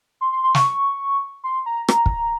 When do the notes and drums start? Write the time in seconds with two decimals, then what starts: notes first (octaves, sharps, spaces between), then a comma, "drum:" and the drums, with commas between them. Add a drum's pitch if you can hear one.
0.21 C6
0.32 C6
0.44 C6
0.55 C#6, drum: snare
1.44 C6
1.66 A#5
1.88 A#5, drum: rim click
2.06 drum: kick